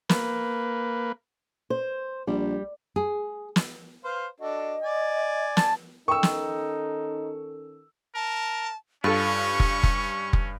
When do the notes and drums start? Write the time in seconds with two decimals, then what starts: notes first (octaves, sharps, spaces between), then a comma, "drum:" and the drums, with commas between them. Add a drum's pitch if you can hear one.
0.09 A#3 B4, drum: snare
1.70 C5
2.27 A#1 G3
2.96 G#4
3.56 drum: snare
4.04 B4 C5 F5
4.40 D4 F#4 A4 D#5
4.82 D5 G#5
5.57 A5, drum: snare
6.08 D#3 C#4 D#4 A4 A#4 G5 C#6 E6
6.23 drum: snare
8.15 A#4 A5
9.04 G2 C#4 F4 A4 C#6
9.60 drum: kick F1
9.83 drum: kick F1
10.33 drum: kick F1